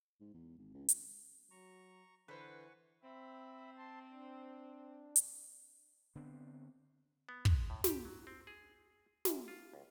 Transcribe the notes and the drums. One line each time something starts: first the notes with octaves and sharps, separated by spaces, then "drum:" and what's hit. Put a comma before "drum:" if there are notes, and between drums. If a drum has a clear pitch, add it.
G#2
E2
G#1
C#2
drum: hi-hat
F#3 A#5 C#6
D3 E3 B4 C5 F#5 G#5 C#6
C4 E5 B5
A5 C6
D4
drum: hi-hat
D3 B3 C4 D4
B3
G#3, drum: kick
A2
G4, drum: snare
F#3
C4
G#4
F#2, drum: snare
F4
C#2